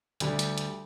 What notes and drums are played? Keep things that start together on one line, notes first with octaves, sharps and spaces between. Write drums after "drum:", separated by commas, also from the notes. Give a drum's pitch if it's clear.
D2 G3, drum: hi-hat
drum: hi-hat
drum: hi-hat